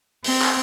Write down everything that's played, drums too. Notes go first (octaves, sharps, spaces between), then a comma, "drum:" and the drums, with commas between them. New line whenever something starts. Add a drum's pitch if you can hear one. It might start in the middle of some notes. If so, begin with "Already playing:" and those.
C4, drum: open hi-hat
drum: clap